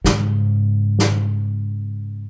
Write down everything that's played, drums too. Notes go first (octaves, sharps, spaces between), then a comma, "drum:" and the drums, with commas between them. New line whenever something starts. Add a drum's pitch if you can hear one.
G#2 C#3, drum: snare
drum: snare